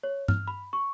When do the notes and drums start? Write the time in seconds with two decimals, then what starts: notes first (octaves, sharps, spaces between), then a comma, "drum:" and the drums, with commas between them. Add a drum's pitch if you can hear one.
0.03 C#5
0.28 F6, drum: tom G2
0.48 B5
0.73 C#6